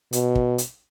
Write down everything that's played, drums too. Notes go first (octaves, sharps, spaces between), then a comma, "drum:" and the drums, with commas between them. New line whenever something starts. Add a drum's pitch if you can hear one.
B2, drum: hi-hat
drum: kick
drum: hi-hat